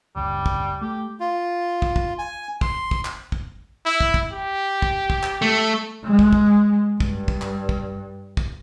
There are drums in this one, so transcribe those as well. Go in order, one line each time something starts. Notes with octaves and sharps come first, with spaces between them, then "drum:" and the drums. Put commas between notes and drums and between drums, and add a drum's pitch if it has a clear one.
F#1 C#2 G3
drum: kick
A3 G4
F4
drum: kick
drum: kick
G#5
C6, drum: kick
drum: kick
drum: clap
drum: kick
E4
drum: kick
drum: kick
G4
drum: kick
drum: kick
drum: clap
A3
G#3
drum: kick
drum: kick
G2, drum: kick
drum: kick
drum: clap
drum: kick
drum: kick